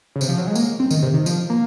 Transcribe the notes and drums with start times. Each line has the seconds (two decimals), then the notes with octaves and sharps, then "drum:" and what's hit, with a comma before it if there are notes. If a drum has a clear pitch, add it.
0.16 C#3
0.21 C3, drum: tambourine
0.28 F3
0.38 F#3
0.47 G#3
0.55 A#3, drum: tambourine
0.80 C4
0.91 D#3, drum: tambourine
1.03 C3
1.14 D#3
1.26 F3, drum: tambourine
1.50 A#3